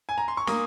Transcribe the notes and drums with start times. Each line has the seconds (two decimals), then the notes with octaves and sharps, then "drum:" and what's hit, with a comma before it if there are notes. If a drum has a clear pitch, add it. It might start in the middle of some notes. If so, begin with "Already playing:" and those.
0.09 G#5
0.18 A#5
0.28 C6
0.37 C#6
0.47 A#3 D#6, drum: snare